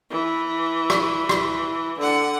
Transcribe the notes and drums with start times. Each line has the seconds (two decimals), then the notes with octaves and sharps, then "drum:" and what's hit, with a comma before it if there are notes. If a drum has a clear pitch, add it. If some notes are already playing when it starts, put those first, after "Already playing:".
0.11 E3
0.90 drum: rim click
1.29 drum: rim click
1.99 D3 F#5